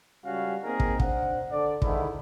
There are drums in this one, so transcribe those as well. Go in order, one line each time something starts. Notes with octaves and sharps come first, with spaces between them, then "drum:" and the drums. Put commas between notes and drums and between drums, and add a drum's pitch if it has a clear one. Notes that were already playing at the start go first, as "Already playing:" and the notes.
C#2 G3 C#4 F#4 F5
A#3 C4 D#4 G#4 A#4
drum: kick
D4 C5 F#5, drum: kick
D3 D5
G#2 D3 D#3 E4, drum: kick